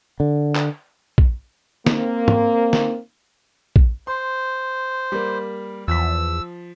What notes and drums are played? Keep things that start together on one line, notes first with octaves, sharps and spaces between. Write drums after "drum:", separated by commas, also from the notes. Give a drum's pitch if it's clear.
D3
drum: clap
drum: kick A#1
A#3 C4, drum: snare
drum: tom
drum: snare
drum: kick A#1
C5 C6
G3 A#3
E2 F3 E6 B6